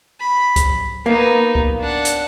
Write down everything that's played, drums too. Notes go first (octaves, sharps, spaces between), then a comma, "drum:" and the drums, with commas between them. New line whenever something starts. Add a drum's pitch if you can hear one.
B5
drum: kick C#2, hi-hat
A#3 B3 D#4
drum: kick C#2
D4 F#5
drum: hi-hat